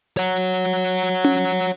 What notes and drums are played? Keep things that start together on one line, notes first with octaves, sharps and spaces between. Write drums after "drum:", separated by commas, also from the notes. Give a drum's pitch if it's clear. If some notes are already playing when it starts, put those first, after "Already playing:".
C#5 F#5
drum: open hi-hat
drum: tom C#4
drum: open hi-hat